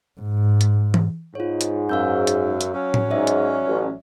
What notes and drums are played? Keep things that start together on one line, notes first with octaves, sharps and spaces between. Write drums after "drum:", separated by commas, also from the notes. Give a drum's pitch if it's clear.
G#2
drum: hi-hat
drum: tom E3
G#2 F4 C#5
drum: hi-hat
F#2 F5 E6 G6
drum: hi-hat
drum: hi-hat
F#3 C#4
drum: tom A2
G#2 D5 E5
drum: hi-hat
A1